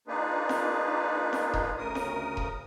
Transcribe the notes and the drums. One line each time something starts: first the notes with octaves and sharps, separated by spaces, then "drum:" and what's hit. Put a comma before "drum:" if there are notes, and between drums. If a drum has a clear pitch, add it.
A#3 D4 D#4 F4 G#4 B4
drum: snare F4
drum: snare F4
drum: kick E1
D2 C#3 A#4 D#6
drum: snare F4
drum: kick E1